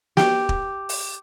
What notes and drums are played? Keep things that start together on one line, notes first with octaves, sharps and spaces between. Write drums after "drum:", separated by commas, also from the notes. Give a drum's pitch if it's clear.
G4, drum: snare
drum: kick
drum: open hi-hat